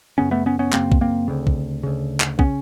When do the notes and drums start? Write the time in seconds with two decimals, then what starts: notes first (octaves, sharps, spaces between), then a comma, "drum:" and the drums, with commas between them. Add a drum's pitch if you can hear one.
0.18 F#2 C#3 B3 C#4
0.31 A3 B3
0.46 B3 C#4
0.59 B3 C#4
0.73 F#2 C#3 A#3 C4, drum: clap
0.92 drum: kick
1.01 A#3 C4
1.28 D2 C#3
1.47 drum: kick
1.83 D2 C#3
2.20 drum: clap
2.39 C#3 B3 C#4, drum: kick